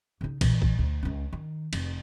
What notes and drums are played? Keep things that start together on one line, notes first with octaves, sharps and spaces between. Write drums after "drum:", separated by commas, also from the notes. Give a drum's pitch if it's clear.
C#3 D#4
A#2 E3, drum: kick, cymbal
drum: kick
D2
C#2 C#4
D#3
F1, drum: cymbal